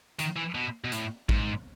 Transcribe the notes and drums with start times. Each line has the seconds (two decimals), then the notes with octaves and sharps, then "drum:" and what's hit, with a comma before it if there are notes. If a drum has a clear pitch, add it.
0.19 D#3, drum: hi-hat
0.36 E3
0.55 B2
0.84 B2
0.92 A2, drum: hi-hat
1.29 G#2, drum: kick